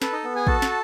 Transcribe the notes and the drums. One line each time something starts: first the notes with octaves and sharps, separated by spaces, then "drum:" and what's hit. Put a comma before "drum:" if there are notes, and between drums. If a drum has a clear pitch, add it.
A4 B4, drum: snare
D#4 D#5
B3
G#4 G#5
F#4 A4 A5, drum: kick
drum: snare